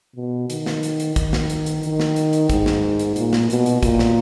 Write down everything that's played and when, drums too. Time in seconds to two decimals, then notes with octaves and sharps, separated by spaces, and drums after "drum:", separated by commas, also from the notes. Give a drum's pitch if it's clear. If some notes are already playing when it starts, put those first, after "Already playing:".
0.16 B2
0.50 D#3, drum: hi-hat
0.66 drum: snare
0.83 drum: hi-hat
1.00 drum: hi-hat
1.16 D#3, drum: kick, hi-hat
1.33 drum: snare
1.50 drum: hi-hat
1.66 drum: hi-hat
1.83 D#3, drum: hi-hat
2.00 drum: snare
2.16 drum: hi-hat
2.33 drum: hi-hat
2.50 G#2, drum: kick, hi-hat
2.66 drum: snare
2.99 drum: hi-hat
3.16 A#2, drum: hi-hat
3.33 drum: snare
3.50 B2, drum: hi-hat
3.66 drum: hi-hat
3.83 A#2, drum: kick, hi-hat
3.99 drum: snare